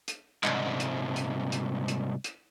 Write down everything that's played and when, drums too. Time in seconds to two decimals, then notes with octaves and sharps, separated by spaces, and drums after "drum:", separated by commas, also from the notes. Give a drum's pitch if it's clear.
0.08 drum: hi-hat
0.44 C2 G#2, drum: clap
0.80 drum: hi-hat
1.16 drum: hi-hat
1.52 drum: hi-hat
1.88 drum: hi-hat
2.24 drum: hi-hat